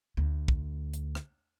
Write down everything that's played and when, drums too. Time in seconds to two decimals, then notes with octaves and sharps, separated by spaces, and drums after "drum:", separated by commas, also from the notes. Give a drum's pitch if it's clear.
0.17 D2
0.48 drum: kick
0.94 drum: hi-hat
1.15 drum: rim click